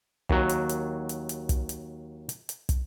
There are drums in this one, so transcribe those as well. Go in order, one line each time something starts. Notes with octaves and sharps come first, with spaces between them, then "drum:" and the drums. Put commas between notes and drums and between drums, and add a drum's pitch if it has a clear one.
D#2 F#3, drum: kick
drum: hi-hat
drum: hi-hat
drum: hi-hat
drum: hi-hat
drum: kick, hi-hat
drum: hi-hat
drum: hi-hat
drum: hi-hat
drum: kick, hi-hat